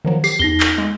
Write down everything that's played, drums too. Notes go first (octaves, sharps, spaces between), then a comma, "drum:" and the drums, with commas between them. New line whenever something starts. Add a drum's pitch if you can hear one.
D#3 F3 F#3
G4 C7, drum: tambourine
E2 D#4 A#6 G7
drum: clap
G#3